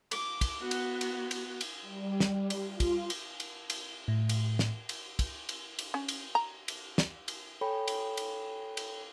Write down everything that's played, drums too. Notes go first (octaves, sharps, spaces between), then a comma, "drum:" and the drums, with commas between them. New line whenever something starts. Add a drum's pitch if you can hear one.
D6, drum: cymbal
drum: kick, cymbal
B3 F#4
drum: cymbal
drum: cymbal
drum: cymbal
drum: cymbal
G3
drum: snare
drum: cymbal
F4
drum: kick, cymbal
drum: cymbal
drum: cymbal
drum: cymbal
A2
drum: cymbal
drum: snare
drum: cymbal
drum: kick, cymbal
drum: cymbal
drum: cymbal
C#4
drum: cymbal
A#5
drum: cymbal
drum: snare
drum: cymbal
A4 C#5 G5 G#5 B5
drum: cymbal
drum: cymbal
drum: cymbal